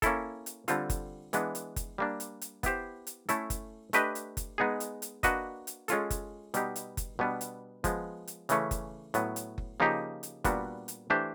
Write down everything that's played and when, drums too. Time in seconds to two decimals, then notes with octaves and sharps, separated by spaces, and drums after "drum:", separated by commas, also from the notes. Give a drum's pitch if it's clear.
0.02 A#3 C#4 E4 A4, drum: kick F#1, hi-hat
0.46 drum: hi-hat
0.68 D3 G3 C4 F4 A4, drum: hi-hat
0.90 drum: kick F#1, hi-hat
1.33 E3 G#3 B3 D4, drum: hi-hat
1.55 drum: hi-hat
1.76 drum: kick F#1, hi-hat
1.98 G3 A#3 D4
2.20 drum: hi-hat
2.41 drum: hi-hat
2.63 B3 E4 G4 C5, drum: kick F#1, hi-hat
3.07 drum: hi-hat
3.29 A3 C#4 E4 A4, drum: hi-hat
3.50 drum: kick F#1, hi-hat
3.93 A3 D4 G4 B4 D#5, drum: hi-hat
4.15 drum: hi-hat
4.37 drum: kick F#1, hi-hat
4.58 G#3 B3 D#4 G#4
4.80 drum: hi-hat
5.02 drum: hi-hat
5.23 A#3 D4 F#4 B4 D#5, drum: kick F#1, hi-hat
5.67 drum: hi-hat
5.88 G#3 C#4 F4 A4, drum: hi-hat
6.10 drum: kick F#1, hi-hat
6.54 B2 G3 B3 D#4 G4, drum: hi-hat
6.76 drum: hi-hat
6.97 drum: kick F#1, hi-hat
7.19 B2 G3 B3 D4
7.41 drum: hi-hat
7.84 F3 G#3 B3, drum: kick F#1, hi-hat
8.27 drum: hi-hat
8.49 C#3 E3 A3 C#4, drum: hi-hat
8.71 drum: kick F#1, hi-hat
9.14 A2 F#3 B3, drum: hi-hat
9.36 drum: hi-hat
9.58 drum: kick F#1
9.80 C#3 F3 A#3 D#4 G4
10.23 drum: hi-hat
10.44 A#2 G3 B3 D4 F#4, drum: kick F#1, hi-hat
10.88 drum: hi-hat
11.10 E3 A3 D4 G4 C5